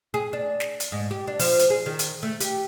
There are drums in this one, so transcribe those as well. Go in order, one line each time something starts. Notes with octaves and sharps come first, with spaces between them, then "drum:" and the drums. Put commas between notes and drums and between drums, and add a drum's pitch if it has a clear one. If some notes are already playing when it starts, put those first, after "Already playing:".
G#4
D4
drum: snare
drum: hi-hat
G#2
G4
D4
F3, drum: open hi-hat
drum: hi-hat
G#4
D#3
drum: hi-hat
A3
G4, drum: hi-hat